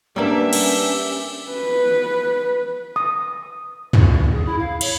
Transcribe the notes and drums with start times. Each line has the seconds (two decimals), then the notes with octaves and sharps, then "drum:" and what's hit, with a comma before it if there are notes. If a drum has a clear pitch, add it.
0.16 G3 A#3 B3 C#4 D4 G4 E5
0.53 drum: cymbal
1.51 B4
2.96 D#6
3.93 drum: tom
4.32 G#4
4.46 E4
4.60 F5
4.81 C#5, drum: cymbal